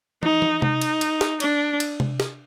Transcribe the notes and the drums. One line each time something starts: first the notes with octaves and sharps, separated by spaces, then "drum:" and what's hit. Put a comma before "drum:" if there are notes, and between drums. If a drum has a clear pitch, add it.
D#4, drum: tom
drum: tom
D#4, drum: tom C3
drum: cymbal
drum: cymbal
drum: snare
D4, drum: cymbal
drum: cymbal
drum: tom C3
drum: snare